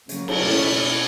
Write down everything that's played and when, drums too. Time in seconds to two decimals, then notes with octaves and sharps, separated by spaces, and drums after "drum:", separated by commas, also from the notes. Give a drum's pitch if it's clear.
0.09 C#3 F#3 A#3, drum: hi-hat
0.28 drum: cymbal
0.47 B2 A#3 C#4 E4